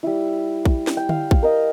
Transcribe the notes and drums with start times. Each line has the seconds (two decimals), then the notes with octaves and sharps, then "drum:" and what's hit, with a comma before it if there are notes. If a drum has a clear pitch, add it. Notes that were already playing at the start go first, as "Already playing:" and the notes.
0.03 G3 E4
0.65 drum: kick A#1
0.87 drum: snare
0.97 G5
1.09 F5, drum: tom D3
1.31 drum: kick A#1
1.43 A#4 D#5